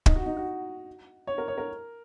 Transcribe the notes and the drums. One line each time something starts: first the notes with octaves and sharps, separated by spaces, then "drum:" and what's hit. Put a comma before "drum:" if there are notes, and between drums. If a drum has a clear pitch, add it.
D#4, drum: kick
F#4
D#4
F#4
C#5
A#4
C#5
A#4